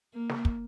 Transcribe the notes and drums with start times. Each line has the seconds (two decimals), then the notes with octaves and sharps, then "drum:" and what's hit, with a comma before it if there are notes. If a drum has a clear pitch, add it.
0.14 A#3
0.29 drum: snare
0.45 drum: kick